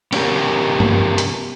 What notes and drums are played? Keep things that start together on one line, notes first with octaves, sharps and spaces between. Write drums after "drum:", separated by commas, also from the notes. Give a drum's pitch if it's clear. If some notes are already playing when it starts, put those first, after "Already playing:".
B3 C#4 D4 F#4 G4 A#4, drum: cymbal
drum: tom G2
drum: hi-hat